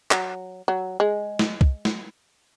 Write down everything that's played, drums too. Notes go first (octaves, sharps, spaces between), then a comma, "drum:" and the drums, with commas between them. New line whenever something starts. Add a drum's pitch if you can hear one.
F#3, drum: clap
F#3
G#3
drum: snare
drum: kick C2
drum: snare